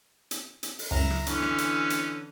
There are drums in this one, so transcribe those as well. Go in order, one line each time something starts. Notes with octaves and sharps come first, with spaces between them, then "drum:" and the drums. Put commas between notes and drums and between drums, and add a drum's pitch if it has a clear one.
drum: hi-hat
drum: hi-hat
drum: open hi-hat
C#2 F#2 E4 A#5
drum: rim click
D3 E3 C#4, drum: hi-hat
drum: rim click
drum: hi-hat
drum: hi-hat